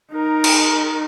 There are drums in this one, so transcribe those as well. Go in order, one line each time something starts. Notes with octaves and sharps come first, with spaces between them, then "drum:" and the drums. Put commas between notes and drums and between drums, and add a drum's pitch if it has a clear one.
D#4 A#4
drum: cymbal